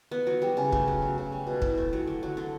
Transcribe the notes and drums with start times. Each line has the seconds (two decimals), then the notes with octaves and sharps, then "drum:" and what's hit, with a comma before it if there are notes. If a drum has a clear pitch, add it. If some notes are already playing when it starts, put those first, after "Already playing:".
0.11 B3
0.27 F#3
0.42 G3
0.57 C#3
0.72 A3, drum: kick
0.87 F#3
1.02 F#3
1.18 C#3
1.32 G3
1.47 B2
1.62 E4, drum: kick
1.78 A3
1.93 F#3
2.07 D3
2.23 F#3
2.37 D3